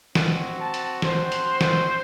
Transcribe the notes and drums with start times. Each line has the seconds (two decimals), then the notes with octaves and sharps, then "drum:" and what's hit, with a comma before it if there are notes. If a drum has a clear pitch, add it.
0.15 C4 F#4, drum: snare
0.60 A5
0.74 drum: hi-hat
1.02 C4 F#4 C5, drum: snare
1.32 drum: hi-hat
1.61 drum: snare